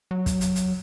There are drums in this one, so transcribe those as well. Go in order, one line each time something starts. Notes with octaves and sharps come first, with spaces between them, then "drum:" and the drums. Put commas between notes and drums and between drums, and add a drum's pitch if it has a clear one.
F#3
drum: kick, hi-hat
drum: hi-hat
drum: hi-hat